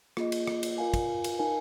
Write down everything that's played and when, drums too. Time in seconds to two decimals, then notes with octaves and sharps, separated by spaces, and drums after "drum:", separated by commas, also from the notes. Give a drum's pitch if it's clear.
0.17 A#3 F4 G#4 D#5, drum: rim click
0.32 drum: cymbal
0.47 drum: rim click
0.63 drum: cymbal
0.78 F4 A#4 F5 G#5
0.94 drum: kick, cymbal
1.24 drum: cymbal
1.39 D#4 A#4 F5 G#5